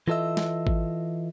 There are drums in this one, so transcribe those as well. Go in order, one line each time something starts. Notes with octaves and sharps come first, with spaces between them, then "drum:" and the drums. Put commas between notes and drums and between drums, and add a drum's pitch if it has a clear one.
E3 F4 A4 D#5 E5
drum: snare
drum: kick G#1